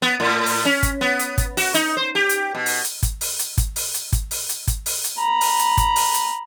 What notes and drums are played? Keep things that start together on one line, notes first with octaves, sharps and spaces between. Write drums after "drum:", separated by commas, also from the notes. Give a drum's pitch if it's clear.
B3
A2
drum: open hi-hat
C#4
drum: kick, hi-hat
B3
drum: hi-hat
drum: kick, hi-hat
F#4, drum: open hi-hat
D#4, drum: hi-hat
C5
G4
drum: hi-hat
B2
drum: open hi-hat
drum: hi-hat
drum: kick, hi-hat
drum: open hi-hat
drum: hi-hat
drum: kick, hi-hat
drum: open hi-hat
drum: hi-hat
drum: kick, hi-hat
drum: open hi-hat
drum: hi-hat
drum: kick, hi-hat
drum: open hi-hat
drum: hi-hat
A#5 B5
drum: open hi-hat
drum: hi-hat
drum: kick, hi-hat
drum: open hi-hat
drum: hi-hat